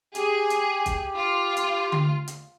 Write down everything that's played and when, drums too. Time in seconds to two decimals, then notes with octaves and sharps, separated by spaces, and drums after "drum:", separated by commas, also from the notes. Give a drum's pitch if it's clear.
0.15 G4 G#4, drum: hi-hat
0.50 drum: hi-hat
0.86 drum: kick B1, hi-hat
1.16 F4
1.57 drum: hi-hat
1.92 drum: tom D3
2.28 drum: hi-hat